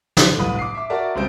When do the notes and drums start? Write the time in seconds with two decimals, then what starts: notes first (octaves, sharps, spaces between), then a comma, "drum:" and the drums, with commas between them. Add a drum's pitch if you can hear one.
0.17 D3, drum: snare
0.37 G1 C2 A2 B4 D#6
0.59 D6 C7
0.75 E5 D6
0.90 F#4 A#4 D5 E5 A5
1.15 C#2 G3 C4 C5 D7